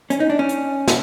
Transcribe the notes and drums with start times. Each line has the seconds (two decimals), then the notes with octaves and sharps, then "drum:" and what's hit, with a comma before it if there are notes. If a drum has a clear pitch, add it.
0.10 C#4, drum: hi-hat
0.20 D#4
0.30 D4
0.39 C#4
0.49 drum: hi-hat
0.88 drum: snare